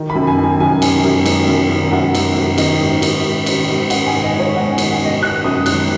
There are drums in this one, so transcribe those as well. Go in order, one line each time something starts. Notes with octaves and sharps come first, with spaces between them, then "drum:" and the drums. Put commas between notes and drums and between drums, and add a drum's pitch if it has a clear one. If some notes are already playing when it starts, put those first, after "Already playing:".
Already playing: D#3
B5
F#2
G#5
D#3
G#5
F#2 G#5
D#3, drum: cymbal
F#2
D#3, drum: cymbal
F#2
D#3
F#2 F#5
D#3, drum: cymbal
F#2
D#3 D#5, drum: cymbal
G#2
D#3, drum: cymbal
G#2
D#3, drum: cymbal
G#2
D#3 F#5, drum: cymbal
G#5
G#2
D#5
D#3
C#5
G#2 F#5
G#5
D#3, drum: cymbal
F#5
G#2 D#5
D#3 F#6
F#2 D#6
D#3 F#6, drum: cymbal